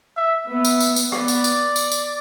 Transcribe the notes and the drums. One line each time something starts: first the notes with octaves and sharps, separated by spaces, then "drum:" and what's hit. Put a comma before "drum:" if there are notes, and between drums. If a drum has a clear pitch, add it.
E5
B3 E5
drum: tambourine
drum: tambourine
drum: tambourine
B3 D5, drum: rim click
drum: tambourine
drum: tambourine
drum: tambourine
drum: tambourine